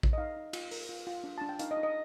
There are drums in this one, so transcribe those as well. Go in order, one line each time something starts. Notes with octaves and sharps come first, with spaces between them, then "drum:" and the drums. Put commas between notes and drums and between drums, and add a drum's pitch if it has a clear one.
drum: kick A#1
D#5
D#4 F5
D#4
F4, drum: cymbal
A#4, drum: open hi-hat
F4
F4
D4
D4 A5
G5
D#4 F5, drum: hi-hat
D#5
D#4
D#5